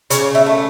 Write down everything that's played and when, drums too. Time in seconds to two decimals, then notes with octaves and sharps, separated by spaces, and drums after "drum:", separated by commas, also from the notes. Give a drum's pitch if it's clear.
0.10 C#3 C#5, drum: hi-hat
0.35 E5
0.46 A3